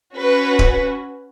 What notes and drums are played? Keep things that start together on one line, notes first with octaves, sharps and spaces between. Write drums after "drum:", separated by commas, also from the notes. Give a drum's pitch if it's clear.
C#4 F#4 B4
drum: kick D1